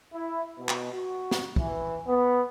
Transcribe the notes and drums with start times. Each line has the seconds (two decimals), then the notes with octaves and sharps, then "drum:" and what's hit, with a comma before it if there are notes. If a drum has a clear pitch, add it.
0.13 E4
0.59 B2
0.69 drum: clap
0.93 F#4
1.31 drum: snare
1.56 E3, drum: kick
2.07 B3